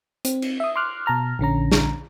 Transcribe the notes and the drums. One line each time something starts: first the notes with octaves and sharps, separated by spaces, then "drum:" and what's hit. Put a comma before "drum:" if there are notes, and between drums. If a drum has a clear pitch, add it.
C4, drum: hi-hat
drum: cymbal
E5 D#6
C6 D6 F6 F#6
B2 A5 A#5 F6
A#1 D3 C#4 A#5
drum: snare